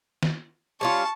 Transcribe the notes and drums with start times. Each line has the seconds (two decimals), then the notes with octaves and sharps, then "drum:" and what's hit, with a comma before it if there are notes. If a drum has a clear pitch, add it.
0.23 drum: snare
0.81 G3 C#4 F4 A5 C#6